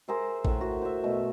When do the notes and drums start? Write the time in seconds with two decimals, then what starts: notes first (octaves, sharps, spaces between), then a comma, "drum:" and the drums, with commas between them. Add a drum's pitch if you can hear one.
0.08 G#4 A#4 C5 E5
0.45 A2 E5 F#5, drum: kick A1
0.61 F#4
0.82 C5 E5
1.04 B2 A3